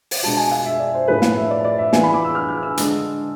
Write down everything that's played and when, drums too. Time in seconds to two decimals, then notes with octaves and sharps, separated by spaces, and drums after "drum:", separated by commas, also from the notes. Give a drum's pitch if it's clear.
0.11 drum: open hi-hat
0.23 B2 G#3 D4 F4 A5
0.37 G#5
0.51 F5
0.66 E5
0.80 D5
0.94 C5
1.08 A2 F3 A3 B4
1.22 F5, drum: snare
1.37 E5
1.50 D5
1.64 D5
1.78 E5
1.93 E3 B3 F4 G#5, drum: snare
2.03 B5
2.14 D6
2.25 E6
2.35 F6
2.49 F6
2.63 E6
2.77 D3 G#3 D4, drum: hi-hat